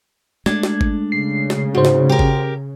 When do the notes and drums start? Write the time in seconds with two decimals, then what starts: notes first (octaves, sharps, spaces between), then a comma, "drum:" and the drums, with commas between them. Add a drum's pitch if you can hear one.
0.46 G#3 A3 D4 G#6, drum: snare
0.63 drum: snare
0.81 drum: kick G#1
1.12 C#3 C7
1.50 drum: snare
1.75 G#2 F#4 C5
1.85 drum: snare
2.09 G4 A#4
2.19 drum: kick G#1